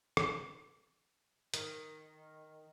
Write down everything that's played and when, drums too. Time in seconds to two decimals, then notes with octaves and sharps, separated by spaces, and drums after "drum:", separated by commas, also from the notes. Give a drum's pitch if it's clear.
0.17 drum: rim click
1.54 D#3, drum: hi-hat